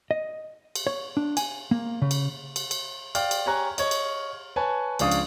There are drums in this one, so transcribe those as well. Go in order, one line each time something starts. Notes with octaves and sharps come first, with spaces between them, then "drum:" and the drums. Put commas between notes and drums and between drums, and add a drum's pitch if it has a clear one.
D#5
drum: cymbal
C#5
D4
G#5, drum: cymbal
A#3
C#3
drum: cymbal
drum: cymbal
drum: cymbal
D5 F5 G5 F6, drum: cymbal
drum: cymbal
G4 C#5 G#5 A#5 F#6
C#5 D#5, drum: cymbal
drum: cymbal
B4 C#5 G#5 A5
C#2 F3 C#4 D4 F5 D#6, drum: cymbal
drum: cymbal